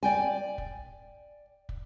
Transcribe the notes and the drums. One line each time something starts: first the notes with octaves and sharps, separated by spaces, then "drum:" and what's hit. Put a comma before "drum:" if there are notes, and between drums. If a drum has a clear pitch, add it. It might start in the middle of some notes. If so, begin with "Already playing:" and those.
D5 G5 G#5
drum: kick
drum: kick